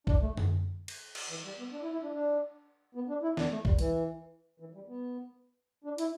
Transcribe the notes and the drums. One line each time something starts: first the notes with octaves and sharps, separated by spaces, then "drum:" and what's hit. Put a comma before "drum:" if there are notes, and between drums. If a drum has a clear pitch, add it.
D4, drum: kick
A3
drum: tom F#2
drum: cymbal
drum: cymbal
E3
G3
B3
D4
E4
E4
D4
D4
B3
D4
E4
D4, drum: snare
A3
G3, drum: kick
E3, drum: hi-hat
E3
G3
B3
D4
E4, drum: hi-hat